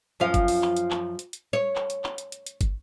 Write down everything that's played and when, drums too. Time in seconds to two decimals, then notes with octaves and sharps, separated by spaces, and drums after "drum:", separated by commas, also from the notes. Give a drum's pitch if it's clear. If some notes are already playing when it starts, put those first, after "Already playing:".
0.20 F#2 F3 F5
0.34 drum: kick, hi-hat
0.48 drum: open hi-hat
0.62 drum: clap
0.76 drum: hi-hat
0.91 drum: clap
1.19 drum: hi-hat
1.33 drum: hi-hat
1.53 C#5
1.76 drum: clap
1.90 drum: hi-hat
2.04 drum: clap
2.18 drum: hi-hat
2.32 drum: hi-hat
2.46 drum: hi-hat
2.61 drum: kick, hi-hat